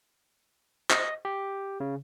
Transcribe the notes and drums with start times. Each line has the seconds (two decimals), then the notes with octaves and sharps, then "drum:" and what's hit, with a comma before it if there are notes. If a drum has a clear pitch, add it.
0.90 D#5, drum: clap
1.25 G4
1.80 C#3